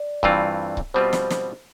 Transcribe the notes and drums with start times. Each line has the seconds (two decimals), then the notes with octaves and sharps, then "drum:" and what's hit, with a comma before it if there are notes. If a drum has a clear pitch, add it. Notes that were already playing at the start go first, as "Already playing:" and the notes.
Already playing: D5
0.23 G2 E3 A3 C4 F4, drum: kick C#1
0.77 drum: kick C#1
0.94 B2 G3 C4 F4 B4 C5
1.13 drum: snare
1.30 drum: snare